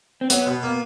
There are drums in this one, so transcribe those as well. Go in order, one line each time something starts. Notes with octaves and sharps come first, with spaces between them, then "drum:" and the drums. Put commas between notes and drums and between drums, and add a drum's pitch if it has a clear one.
C4
F#3 B3, drum: hi-hat
B2
A#3